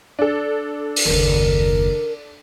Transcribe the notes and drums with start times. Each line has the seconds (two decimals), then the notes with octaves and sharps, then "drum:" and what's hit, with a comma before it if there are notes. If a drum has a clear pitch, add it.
0.19 D4 A4
0.96 drum: open hi-hat
1.06 F#1 D#2 A#4